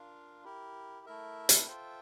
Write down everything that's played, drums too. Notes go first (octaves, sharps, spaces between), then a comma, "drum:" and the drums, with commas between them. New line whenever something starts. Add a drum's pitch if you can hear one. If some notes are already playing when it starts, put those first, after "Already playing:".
Already playing: D4 F4 A#4 F5
E4 G4 A#4
A3 E4 A#4 E5
drum: hi-hat
F4 A4 C5 E5 G5